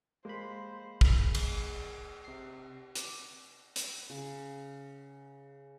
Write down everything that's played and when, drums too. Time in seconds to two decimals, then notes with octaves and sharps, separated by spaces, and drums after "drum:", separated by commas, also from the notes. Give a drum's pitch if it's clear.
0.25 G#3 A#3 C5 B5
1.01 G#4, drum: kick
1.35 drum: cymbal
2.25 C3 C7
2.95 D6, drum: hi-hat
3.76 drum: hi-hat
4.10 C#3